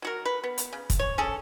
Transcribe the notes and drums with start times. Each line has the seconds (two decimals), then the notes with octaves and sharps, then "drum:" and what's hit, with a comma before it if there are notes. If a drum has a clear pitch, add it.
0.02 F#3 F#4 A#4
0.25 B4
0.44 B3
0.58 drum: hi-hat
0.73 C#3
0.90 drum: kick, hi-hat
0.99 C#5
1.18 C#4 G#4 A4